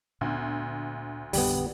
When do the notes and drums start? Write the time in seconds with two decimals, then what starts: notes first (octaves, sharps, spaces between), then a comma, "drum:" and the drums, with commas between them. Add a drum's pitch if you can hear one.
0.21 D2 A#2 B3
1.33 A1 F2 D3 G3 B3, drum: open hi-hat